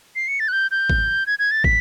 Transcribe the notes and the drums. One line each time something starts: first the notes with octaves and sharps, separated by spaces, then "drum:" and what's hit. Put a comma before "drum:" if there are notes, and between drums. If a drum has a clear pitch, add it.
C7
C#7
A6
F#6
G6
G6
drum: kick
G#6
G#6
A6
B6, drum: kick